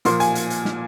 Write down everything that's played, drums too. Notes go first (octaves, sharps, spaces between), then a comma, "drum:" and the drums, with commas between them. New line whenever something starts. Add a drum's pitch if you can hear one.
A#2 F3 A#3 C6, drum: hi-hat
G#5, drum: hi-hat
drum: hi-hat
drum: hi-hat
drum: snare